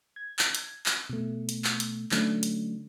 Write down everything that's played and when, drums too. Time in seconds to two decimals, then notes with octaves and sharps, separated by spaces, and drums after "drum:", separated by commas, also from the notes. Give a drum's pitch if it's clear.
0.16 G#6
0.39 drum: clap
0.55 drum: hi-hat
0.86 drum: clap
1.10 B2 A3
1.49 drum: hi-hat
1.64 drum: clap
1.80 drum: hi-hat
2.11 D3 F#3 A3 C#4 D4, drum: clap
2.43 drum: hi-hat